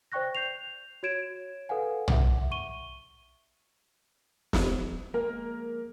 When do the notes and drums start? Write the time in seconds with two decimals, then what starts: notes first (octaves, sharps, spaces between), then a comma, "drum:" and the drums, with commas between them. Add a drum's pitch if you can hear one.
0.12 C5 D5 G5 C#6 F#6 A#6
0.35 G6 C7 F7
1.03 F#4 C#5 G#6 D7 E7
1.69 A4 B4 F5 F#5 G#5
2.08 E5 F#5 D6, drum: tom
2.51 C#6 D#7 G7
4.53 drum: snare
5.14 F3 G#3 A#3 A#4